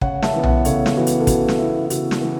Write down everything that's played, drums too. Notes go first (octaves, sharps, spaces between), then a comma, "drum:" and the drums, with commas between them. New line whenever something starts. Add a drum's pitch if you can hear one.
C#3 C#5 F#5, drum: kick
E5 A5, drum: snare
E3 B3
C#5 F#5, drum: tom B1
C#3 A4 C#5, drum: hi-hat
drum: snare
E3 B3 F#4 B4
drum: hi-hat
A4
C#3 F#4, drum: kick, hi-hat
drum: snare
E3 B3 E4
E4
C#3 F#4, drum: hi-hat
drum: snare
E3 B3